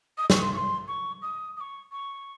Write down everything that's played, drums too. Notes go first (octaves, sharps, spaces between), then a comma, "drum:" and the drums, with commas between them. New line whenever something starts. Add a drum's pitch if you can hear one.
D#6
C#6, drum: snare
C6
C#6
C6
C#6
D#6
D#6
C#6
C#6